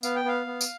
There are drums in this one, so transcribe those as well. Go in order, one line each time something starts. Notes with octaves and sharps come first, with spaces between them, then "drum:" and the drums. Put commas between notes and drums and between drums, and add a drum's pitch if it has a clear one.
B3 F5, drum: tambourine
G5
B3 F5
B3
drum: tambourine